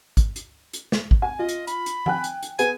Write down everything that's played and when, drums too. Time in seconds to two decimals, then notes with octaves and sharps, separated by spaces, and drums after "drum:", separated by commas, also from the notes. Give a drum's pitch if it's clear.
0.17 drum: kick G#1, hi-hat
0.36 drum: hi-hat
0.73 drum: hi-hat
0.92 drum: snare
1.11 drum: kick G#1
1.22 G#5
1.39 F4 D#5
1.49 drum: hi-hat
1.67 B5, drum: hi-hat
1.86 drum: hi-hat
2.06 G5 G#5 F#6, drum: tom F3
2.24 drum: hi-hat
2.43 drum: hi-hat
2.59 B3 G#4 B4 G#5, drum: hi-hat